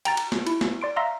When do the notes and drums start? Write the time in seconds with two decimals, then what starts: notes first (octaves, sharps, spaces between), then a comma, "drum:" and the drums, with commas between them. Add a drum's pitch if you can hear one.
0.05 G5 A#5 A6, drum: cymbal
0.17 drum: cymbal
0.32 drum: snare
0.47 E4, drum: cymbal
0.61 drum: snare
0.81 D5 C6 D7
0.96 E5 F5 A#5 C6 E6 A#6